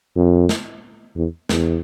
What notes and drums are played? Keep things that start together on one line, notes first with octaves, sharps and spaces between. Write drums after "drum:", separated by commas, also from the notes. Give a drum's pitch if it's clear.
F2
drum: snare
E2
E2, drum: snare